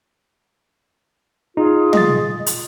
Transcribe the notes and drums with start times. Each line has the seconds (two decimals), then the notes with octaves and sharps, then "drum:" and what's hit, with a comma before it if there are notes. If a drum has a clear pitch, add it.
1.57 D#4 F4 G#4
1.93 D#5 A6, drum: tom
2.46 drum: hi-hat